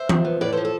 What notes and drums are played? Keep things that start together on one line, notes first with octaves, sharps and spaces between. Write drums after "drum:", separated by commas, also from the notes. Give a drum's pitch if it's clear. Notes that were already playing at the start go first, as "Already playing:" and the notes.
Already playing: C5 E5
F3, drum: tom E3
B3
A2 B4 D5
F3 A4 C5
A4